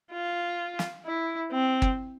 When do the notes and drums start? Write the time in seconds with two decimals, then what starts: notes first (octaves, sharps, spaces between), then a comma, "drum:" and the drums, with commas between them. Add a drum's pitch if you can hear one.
0.13 F4
0.79 drum: snare
1.05 E4
1.52 C4
1.82 drum: kick